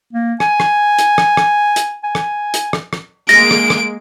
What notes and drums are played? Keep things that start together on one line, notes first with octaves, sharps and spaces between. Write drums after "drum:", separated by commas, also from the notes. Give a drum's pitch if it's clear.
A#3
G#5, drum: rim click
drum: rim click
drum: hi-hat
drum: rim click
drum: rim click
drum: hi-hat
G#5
drum: rim click
drum: hi-hat
drum: rim click
drum: rim click
G#3 A#3 A#6 D7, drum: hi-hat
drum: rim click
drum: rim click